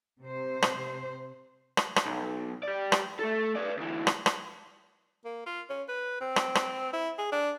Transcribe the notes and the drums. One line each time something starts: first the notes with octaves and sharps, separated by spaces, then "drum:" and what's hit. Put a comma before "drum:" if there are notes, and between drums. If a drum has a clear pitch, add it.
C3 C5
drum: rim click
drum: rim click
drum: rim click
B1
G4 D5
drum: rim click
A3 A4
B4 D5
D2 E3
drum: rim click
drum: rim click
A#3
F4
C#4
B4
C4
drum: rim click
drum: rim click
E4
G#4
D4